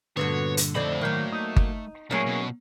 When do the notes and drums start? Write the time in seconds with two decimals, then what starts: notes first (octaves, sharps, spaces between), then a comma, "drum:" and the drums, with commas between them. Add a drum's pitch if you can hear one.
0.17 G2 A#2 D3 B3 F#4 A4 C#5
0.57 drum: hi-hat
0.75 F2 D3 A3 C4 D#4 B5
1.01 D#3 F#3 A#3
1.32 D#4
1.56 drum: kick G1
2.11 A2 F#3 A#3 C#4 E4 G#4
2.27 B2